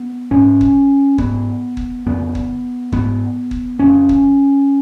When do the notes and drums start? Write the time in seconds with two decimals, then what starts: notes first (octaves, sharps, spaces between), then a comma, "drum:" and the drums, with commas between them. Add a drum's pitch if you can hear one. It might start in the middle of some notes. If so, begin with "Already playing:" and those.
Already playing: B3
0.31 G#2 C#4
0.61 drum: kick
1.18 G#2 B3, drum: kick
1.77 drum: kick
2.06 F2 C#3 B3
2.35 drum: kick
2.92 G#2 B3, drum: kick
3.51 drum: kick
3.79 F2 C#3 C#4
4.09 drum: kick